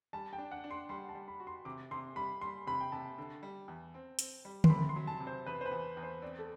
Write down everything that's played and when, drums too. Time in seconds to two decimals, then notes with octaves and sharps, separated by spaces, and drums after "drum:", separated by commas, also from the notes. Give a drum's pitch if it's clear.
0.13 G3 A5
0.33 G5
0.38 D4
0.51 F#5
0.64 D4
0.71 C6
0.89 G3 C6
1.09 A5
1.15 G3
1.28 B5
1.40 F#4
1.47 C6
1.65 C3 D6
1.91 C3 C6
2.16 G3 B5
2.41 G3 C6
2.67 C3 B5
2.80 G5
2.92 C3 A5
3.18 D3
3.43 G3
3.68 E2
3.94 C4
4.19 C4, drum: hi-hat
4.45 G3
4.64 C6, drum: tom D3
4.70 C3 B5
4.89 C6
4.96 F#3
5.07 A5
5.20 C3
5.27 C5
5.46 E2 B4
5.61 C5
5.66 B4
5.71 E2
5.97 E2
6.03 C5
6.22 C4 D5
6.39 A4